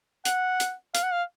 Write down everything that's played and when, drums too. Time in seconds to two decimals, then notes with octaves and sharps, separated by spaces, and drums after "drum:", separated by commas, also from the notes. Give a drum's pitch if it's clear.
0.25 F#5, drum: hi-hat
0.60 drum: hi-hat
0.95 F5, drum: hi-hat
1.03 F#5
1.13 F5